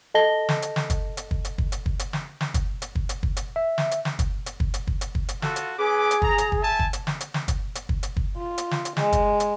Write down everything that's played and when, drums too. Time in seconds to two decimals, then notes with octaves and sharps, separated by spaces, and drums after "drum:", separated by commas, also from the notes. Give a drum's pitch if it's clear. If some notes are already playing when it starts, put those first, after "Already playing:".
0.14 A4 D#5 A5 A#6 G7
0.49 drum: snare
0.62 drum: hi-hat
0.76 drum: snare
0.90 drum: kick, hi-hat
1.17 drum: hi-hat
1.31 drum: kick
1.45 drum: hi-hat
1.58 drum: kick
1.72 drum: hi-hat
1.86 drum: kick
1.99 drum: hi-hat
2.13 drum: snare
2.41 drum: snare
2.54 drum: kick, hi-hat
2.82 drum: hi-hat
2.95 drum: kick
3.09 drum: hi-hat
3.23 drum: kick
3.37 drum: hi-hat
3.56 E5
3.78 drum: snare
3.91 drum: hi-hat
4.05 drum: snare
4.19 drum: kick, hi-hat
4.46 drum: hi-hat
4.60 drum: kick
4.74 drum: hi-hat
4.87 drum: kick
5.01 drum: hi-hat
5.15 drum: kick
5.29 drum: hi-hat
5.42 F4 F#4 A4, drum: snare
5.56 drum: hi-hat
5.78 C#4 G#4 B4 D6
6.11 drum: hi-hat
6.22 A#5, drum: kick
6.38 drum: hi-hat
6.52 drum: kick
6.62 E5 G#5 A5
6.79 drum: kick
6.93 drum: hi-hat
7.07 drum: snare
7.21 drum: hi-hat
7.34 drum: snare
7.48 drum: kick, hi-hat
7.75 drum: hi-hat
7.89 drum: kick
8.03 drum: hi-hat
8.16 drum: kick
8.37 F4
8.58 drum: hi-hat
8.71 drum: snare
8.85 drum: hi-hat
8.97 G#3, drum: snare
9.12 drum: kick, hi-hat
9.40 drum: hi-hat